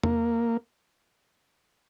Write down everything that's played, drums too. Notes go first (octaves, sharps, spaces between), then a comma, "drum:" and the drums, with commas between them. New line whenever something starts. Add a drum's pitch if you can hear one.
A#3, drum: tom E2